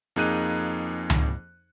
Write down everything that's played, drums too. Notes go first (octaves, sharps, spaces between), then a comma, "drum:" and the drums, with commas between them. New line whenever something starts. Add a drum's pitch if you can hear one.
F2 A#3 D#4 G#4 F#6 D#7
drum: tom C#2